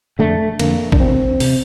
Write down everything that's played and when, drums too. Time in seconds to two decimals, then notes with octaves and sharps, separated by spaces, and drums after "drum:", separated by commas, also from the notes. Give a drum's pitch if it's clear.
0.19 F2 D3 A3
0.59 F2 D3 A#3, drum: cymbal
0.92 D4, drum: kick
1.00 E2 C3 C4
1.40 C3, drum: open hi-hat